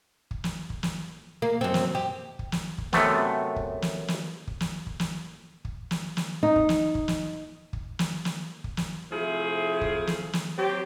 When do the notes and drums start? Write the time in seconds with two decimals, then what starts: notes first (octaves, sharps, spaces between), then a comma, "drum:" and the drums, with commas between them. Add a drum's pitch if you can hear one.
0.31 drum: kick
0.44 drum: snare
0.70 drum: kick
0.83 drum: snare
1.42 A#3
1.61 F#2 C4
1.74 drum: snare
1.95 G4
2.39 drum: kick
2.52 drum: snare
2.78 drum: kick
2.93 F#2 C3 A3 B3, drum: snare
3.56 drum: kick
3.82 drum: snare
4.08 drum: snare
4.47 drum: kick
4.60 drum: snare
4.87 drum: kick
5.00 drum: snare
5.65 drum: kick
5.91 drum: snare
6.17 drum: snare
6.43 D#4
6.56 drum: kick
6.69 drum: snare
6.95 drum: kick
7.08 drum: snare
7.73 drum: kick
7.99 drum: snare
8.25 drum: snare
8.64 drum: kick
8.77 drum: snare
9.11 C3 F3 A3 E4 G#4
9.81 drum: kick
10.07 drum: snare
10.33 drum: snare
10.57 F#3 C4 G4